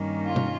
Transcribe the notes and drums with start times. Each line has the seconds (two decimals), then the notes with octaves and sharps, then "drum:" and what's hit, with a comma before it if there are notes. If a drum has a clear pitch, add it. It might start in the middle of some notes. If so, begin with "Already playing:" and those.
Already playing: G2 D#3 G3 A#3 C#4
0.25 F4
0.36 drum: tom